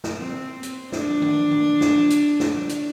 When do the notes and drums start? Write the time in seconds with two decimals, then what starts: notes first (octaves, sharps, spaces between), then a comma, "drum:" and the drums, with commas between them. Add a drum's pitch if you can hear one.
0.04 drum: snare
0.18 C4
0.63 drum: hi-hat
0.92 D4, drum: snare
1.22 drum: tom D#3
1.51 drum: tom D#3
1.81 drum: snare
2.10 drum: hi-hat
2.40 drum: snare
2.69 drum: hi-hat